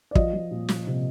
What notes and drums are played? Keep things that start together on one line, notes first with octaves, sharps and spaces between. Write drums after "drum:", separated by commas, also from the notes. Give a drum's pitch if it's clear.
D5
F3 D#5, drum: kick
F3
A#2
F3, drum: snare
C3